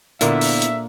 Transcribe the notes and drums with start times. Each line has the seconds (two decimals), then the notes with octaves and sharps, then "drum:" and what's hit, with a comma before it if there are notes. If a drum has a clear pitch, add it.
0.21 A#2 D3 A#3 B3 E4 E5, drum: hi-hat
0.41 drum: open hi-hat
0.62 drum: hi-hat